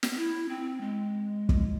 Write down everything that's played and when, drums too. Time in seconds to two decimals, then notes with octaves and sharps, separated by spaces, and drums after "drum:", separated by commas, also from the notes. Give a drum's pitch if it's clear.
0.03 drum: snare
0.16 E4
0.49 C4
0.81 G#3
1.49 drum: kick